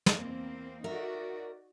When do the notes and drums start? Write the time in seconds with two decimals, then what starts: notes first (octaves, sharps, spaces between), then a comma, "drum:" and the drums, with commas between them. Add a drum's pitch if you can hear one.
0.06 drum: snare
0.16 E2 A#3 C4
0.84 D#4 F#4 A#4 D5 E5